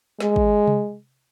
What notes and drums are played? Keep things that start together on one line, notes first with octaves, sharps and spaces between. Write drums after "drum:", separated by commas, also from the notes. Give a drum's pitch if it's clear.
G#3, drum: snare
drum: kick
drum: tom C3